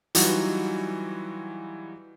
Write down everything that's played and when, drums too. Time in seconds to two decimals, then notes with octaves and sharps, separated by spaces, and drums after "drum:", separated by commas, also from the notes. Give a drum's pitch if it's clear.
0.15 E3 F#3 G3 D#4 F4 F#4, drum: hi-hat